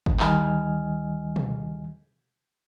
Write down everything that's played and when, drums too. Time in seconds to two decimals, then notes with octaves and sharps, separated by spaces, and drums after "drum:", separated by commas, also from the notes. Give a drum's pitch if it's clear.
0.06 drum: kick
0.20 D2 D#3 G3 D#5 G#5 F6, drum: clap
1.36 drum: tom B2